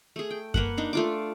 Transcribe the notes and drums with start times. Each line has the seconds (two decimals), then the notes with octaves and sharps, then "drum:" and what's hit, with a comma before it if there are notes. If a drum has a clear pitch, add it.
0.16 A3 G#4
0.31 G5
0.54 A#3 B4 F#5, drum: kick F#2
0.78 D4 D#4
0.93 A3 F4 D6